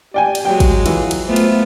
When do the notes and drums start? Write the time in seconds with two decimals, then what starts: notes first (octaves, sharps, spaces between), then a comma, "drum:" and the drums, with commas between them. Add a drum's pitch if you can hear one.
0.14 G4 D5 G5 G#5
0.35 drum: cymbal
0.45 F#3 G#3 G5
0.60 drum: kick, cymbal
0.86 E3 F4, drum: cymbal
1.11 drum: cymbal
1.27 A3 B3 F4 C5
1.36 drum: cymbal